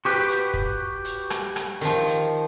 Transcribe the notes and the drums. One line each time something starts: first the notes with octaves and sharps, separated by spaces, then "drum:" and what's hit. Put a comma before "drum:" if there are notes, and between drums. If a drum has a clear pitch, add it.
F#4 G4 B4
drum: hi-hat
drum: kick
drum: hi-hat
drum: rim click
drum: rim click
D#3 F3, drum: hi-hat
drum: hi-hat